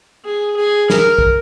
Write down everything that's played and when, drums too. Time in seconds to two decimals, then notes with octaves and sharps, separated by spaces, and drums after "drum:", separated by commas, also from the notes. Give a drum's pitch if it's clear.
0.25 G#4
0.56 G#4
0.90 A#4, drum: snare
1.19 drum: kick